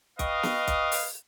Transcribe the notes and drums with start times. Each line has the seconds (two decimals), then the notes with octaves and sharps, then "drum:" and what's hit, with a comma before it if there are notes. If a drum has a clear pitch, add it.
0.19 B4 D#5 F5 G5 C#6 D#6, drum: kick B1, hi-hat
0.43 drum: snare
0.67 drum: kick B1, hi-hat
0.92 drum: open hi-hat